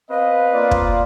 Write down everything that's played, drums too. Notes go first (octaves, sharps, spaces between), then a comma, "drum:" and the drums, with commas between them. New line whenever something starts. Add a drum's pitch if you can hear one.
B3 C4 B4 D#5 F5
A#3 F4 D5
drum: kick